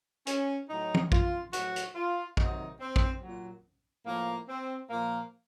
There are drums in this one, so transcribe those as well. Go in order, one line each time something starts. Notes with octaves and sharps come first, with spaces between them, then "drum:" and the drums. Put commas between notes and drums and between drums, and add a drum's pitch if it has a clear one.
C#4, drum: hi-hat
A2 F#3 D#4
drum: tom
F4, drum: kick A1
A2 F#3 F#4, drum: hi-hat
drum: hi-hat
F4
C3 D#3 F#3 D#4, drum: kick A1
C4
drum: kick A1
A#2 F#3
A2 F3 A#3
C4
A#2 F3 A#3